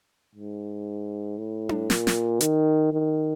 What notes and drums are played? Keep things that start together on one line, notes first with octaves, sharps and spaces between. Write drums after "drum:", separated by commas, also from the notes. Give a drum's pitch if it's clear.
G#2
A2
drum: tom D4
A#2, drum: snare
drum: snare
D#3, drum: hi-hat
D#3